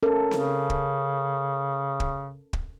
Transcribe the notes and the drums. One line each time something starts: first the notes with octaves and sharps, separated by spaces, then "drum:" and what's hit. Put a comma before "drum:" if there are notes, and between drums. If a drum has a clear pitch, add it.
C#4 A4 A#4
C#3, drum: snare C4
drum: kick
drum: kick
drum: kick